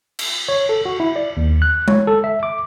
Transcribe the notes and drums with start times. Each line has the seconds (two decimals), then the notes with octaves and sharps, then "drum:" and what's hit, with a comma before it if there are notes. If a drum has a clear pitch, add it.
0.19 drum: cymbal
0.49 C#5
0.69 A4
0.85 F#4
1.00 E4
1.16 D5
1.37 D#2
1.62 F#6
1.88 C#5, drum: tom G#3
2.07 A4
2.24 E5
2.43 D6